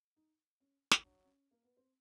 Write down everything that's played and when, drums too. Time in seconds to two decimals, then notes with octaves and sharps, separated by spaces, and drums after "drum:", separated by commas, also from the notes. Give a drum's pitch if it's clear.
0.16 D#4
0.60 C#4
0.91 drum: snare
1.03 F#3 D4
1.25 C#4
1.51 A#3
1.63 B3
1.77 C4